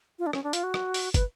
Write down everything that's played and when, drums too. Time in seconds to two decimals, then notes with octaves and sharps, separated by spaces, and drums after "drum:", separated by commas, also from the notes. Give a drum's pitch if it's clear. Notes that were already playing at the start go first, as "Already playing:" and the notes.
0.19 F4
0.27 D4
0.33 C#4, drum: rim click
0.44 D4
0.53 F4, drum: hi-hat
0.63 F#4
0.74 drum: rim click
0.94 drum: open hi-hat
1.14 B4, drum: kick, hi-hat